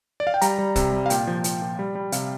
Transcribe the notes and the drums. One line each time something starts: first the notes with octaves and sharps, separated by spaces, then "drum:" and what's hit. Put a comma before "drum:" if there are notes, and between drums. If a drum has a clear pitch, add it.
D5
F5
G5
G3 A#5, drum: hi-hat
G3
C3, drum: kick, hi-hat
G3
F5
A#2 G5, drum: hi-hat
F3
F3, drum: hi-hat
A#2
G3
G3
C3 F5, drum: hi-hat